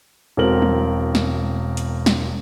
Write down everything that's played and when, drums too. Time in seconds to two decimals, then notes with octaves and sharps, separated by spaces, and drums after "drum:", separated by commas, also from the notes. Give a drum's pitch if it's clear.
0.37 E1 B2 C4 A#4 F#7
0.62 drum: tom F#3
1.15 drum: snare
1.77 drum: hi-hat
2.06 drum: snare